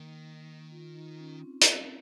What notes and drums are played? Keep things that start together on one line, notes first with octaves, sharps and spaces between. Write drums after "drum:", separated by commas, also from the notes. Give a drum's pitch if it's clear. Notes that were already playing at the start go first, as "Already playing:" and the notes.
Already playing: D#3 A#3
F4
D#4
C#4
C4
drum: hi-hat